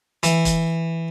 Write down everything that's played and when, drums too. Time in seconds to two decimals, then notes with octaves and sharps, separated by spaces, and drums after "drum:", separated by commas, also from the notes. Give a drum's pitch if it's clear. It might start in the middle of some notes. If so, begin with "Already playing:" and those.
0.23 E3, drum: hi-hat
0.45 drum: kick, hi-hat